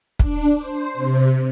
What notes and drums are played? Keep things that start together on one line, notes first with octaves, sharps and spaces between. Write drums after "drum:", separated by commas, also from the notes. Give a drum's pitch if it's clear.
D4, drum: kick
C5
C3